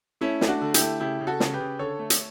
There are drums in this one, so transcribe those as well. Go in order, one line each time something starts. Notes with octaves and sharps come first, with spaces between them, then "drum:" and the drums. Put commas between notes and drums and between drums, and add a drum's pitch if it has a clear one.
A3 C#4 E4
A3, drum: snare
D4 F#4
D3
E4 G4, drum: hi-hat
A3
C#3 E4 G4
C#3
F#4 A4
C#3, drum: snare
G4 B4
C#3
D3 A4 C#5
A3
drum: hi-hat